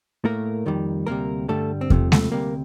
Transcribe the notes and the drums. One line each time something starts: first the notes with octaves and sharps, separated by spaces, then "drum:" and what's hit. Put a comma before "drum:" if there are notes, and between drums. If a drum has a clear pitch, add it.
A2 A3 A#3 A#4
F2 D#3 G3
D2 C3 G3 A#3 A#4
G2 D3 G3 A3 A4
C4
C2 C3 F3 A3 A#3, drum: kick E2
A3, drum: snare G#3
D2 C3 G3 A#3